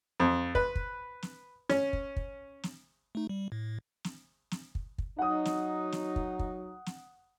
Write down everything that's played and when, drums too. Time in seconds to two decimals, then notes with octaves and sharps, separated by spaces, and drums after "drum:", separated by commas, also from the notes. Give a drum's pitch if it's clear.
0.20 F2
0.55 B4, drum: kick
0.76 drum: kick
1.22 drum: snare
1.69 C#4, drum: snare
1.93 drum: kick
2.16 drum: kick
2.63 drum: snare
3.15 A3 D#4
3.29 G3
3.52 A2
4.04 drum: snare
4.51 drum: snare
4.75 drum: kick
4.98 drum: kick
5.19 F#3 D#4 F#5 D#6
5.45 drum: snare
5.92 drum: snare
6.16 drum: kick
6.39 drum: kick
6.86 drum: snare